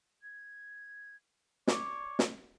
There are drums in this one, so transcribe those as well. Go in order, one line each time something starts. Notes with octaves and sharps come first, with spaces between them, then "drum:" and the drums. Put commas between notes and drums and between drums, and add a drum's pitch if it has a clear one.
G#6
C#5 D5 C#6 D6, drum: snare
drum: snare